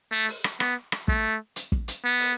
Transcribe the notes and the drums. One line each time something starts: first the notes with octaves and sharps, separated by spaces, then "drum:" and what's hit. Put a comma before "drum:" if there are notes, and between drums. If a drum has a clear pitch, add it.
A3
drum: open hi-hat
drum: rim click
B3, drum: rim click
drum: rim click
A3, drum: kick
drum: hi-hat
drum: kick
drum: hi-hat
B3
drum: open hi-hat